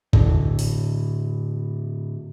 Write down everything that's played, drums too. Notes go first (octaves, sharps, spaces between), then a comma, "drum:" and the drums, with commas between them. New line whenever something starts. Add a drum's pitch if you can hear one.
A2 D3, drum: kick G#1
drum: open hi-hat